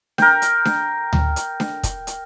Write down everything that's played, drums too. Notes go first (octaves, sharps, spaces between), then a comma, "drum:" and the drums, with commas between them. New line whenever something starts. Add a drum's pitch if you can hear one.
A#4 G5, drum: snare D4
drum: hi-hat
drum: snare D4
drum: tom D2
drum: hi-hat
drum: snare D4
drum: kick, hi-hat
drum: hi-hat